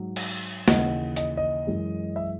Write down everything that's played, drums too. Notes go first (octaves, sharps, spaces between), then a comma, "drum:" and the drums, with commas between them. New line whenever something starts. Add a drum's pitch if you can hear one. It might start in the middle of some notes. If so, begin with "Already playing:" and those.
Already playing: G#2 F#3
drum: cymbal
D#2 C#3 E3 D#5 F#5, drum: snare
D#5, drum: hi-hat
D#5
F#2 E3 G#3
E5